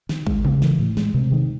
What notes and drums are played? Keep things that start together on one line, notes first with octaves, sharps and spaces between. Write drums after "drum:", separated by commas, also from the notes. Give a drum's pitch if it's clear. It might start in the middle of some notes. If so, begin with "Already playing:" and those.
D#3, drum: snare
G#3, drum: kick
C#3, drum: tom
E3, drum: snare
A2
G#3, drum: snare
C3
D#3